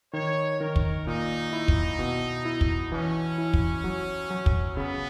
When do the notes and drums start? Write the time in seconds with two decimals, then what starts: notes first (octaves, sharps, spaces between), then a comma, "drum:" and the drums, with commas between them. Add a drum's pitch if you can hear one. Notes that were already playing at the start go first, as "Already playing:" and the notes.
0.13 D#3 C#5
0.61 D#3 A#4
0.76 drum: kick
1.06 A#2 D#4
1.53 E4
1.68 drum: kick
1.99 B2
2.45 E4
2.61 drum: kick
2.92 E3 C#4
3.38 E4
3.54 drum: kick
3.84 F#3
4.30 F#3
4.46 drum: kick
4.77 C#3 B3